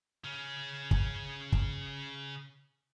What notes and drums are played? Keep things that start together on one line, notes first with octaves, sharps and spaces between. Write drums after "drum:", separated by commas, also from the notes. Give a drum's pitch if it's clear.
C#3 C#4
drum: kick
drum: kick